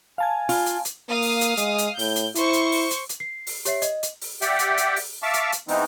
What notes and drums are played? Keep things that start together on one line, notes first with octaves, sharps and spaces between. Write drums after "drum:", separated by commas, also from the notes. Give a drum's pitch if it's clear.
F5 G#5 A5 G#6
F4, drum: open hi-hat
drum: hi-hat
drum: hi-hat
A#3 F5 D#6
drum: open hi-hat
drum: hi-hat
G#3, drum: hi-hat
drum: hi-hat
A2 G6, drum: open hi-hat
drum: hi-hat
E4 C5 C#6, drum: hi-hat
drum: hi-hat
drum: open hi-hat
drum: hi-hat
drum: hi-hat
C7
drum: open hi-hat
G4 C#5 E5 C7, drum: hi-hat
D#5, drum: hi-hat
drum: hi-hat
drum: open hi-hat
G4 D5 E5 F#5 G5, drum: hi-hat
drum: hi-hat
drum: hi-hat
drum: open hi-hat
E5 F5 A5 C#6 D6 E6
drum: hi-hat
drum: hi-hat
E3 G#3 B3 C4 D#4, drum: open hi-hat